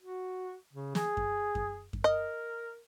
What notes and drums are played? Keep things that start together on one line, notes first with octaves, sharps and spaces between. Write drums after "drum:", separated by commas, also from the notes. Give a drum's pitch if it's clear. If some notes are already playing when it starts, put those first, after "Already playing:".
F#4
C#3
G#4, drum: snare
drum: kick F#2
drum: kick F#2
drum: kick F#2
A#4 D#5